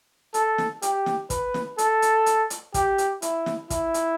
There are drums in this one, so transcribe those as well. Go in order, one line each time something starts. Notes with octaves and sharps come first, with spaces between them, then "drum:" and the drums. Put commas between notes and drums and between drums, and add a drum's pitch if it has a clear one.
A4, drum: hi-hat
drum: snare
G4, drum: hi-hat
drum: snare
B4, drum: kick, hi-hat
drum: snare
A4, drum: hi-hat
drum: hi-hat
drum: hi-hat
drum: hi-hat
G4, drum: kick, hi-hat
drum: hi-hat
E4, drum: hi-hat
drum: snare
E4, drum: kick, hi-hat
drum: hi-hat